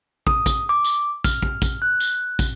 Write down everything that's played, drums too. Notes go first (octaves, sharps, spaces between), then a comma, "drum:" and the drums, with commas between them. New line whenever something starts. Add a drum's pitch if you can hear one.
D#6, drum: kick
drum: kick, tambourine
D6
drum: tambourine
F6, drum: kick, tambourine
drum: kick
drum: kick, tambourine
F#6
drum: tambourine
drum: kick, tambourine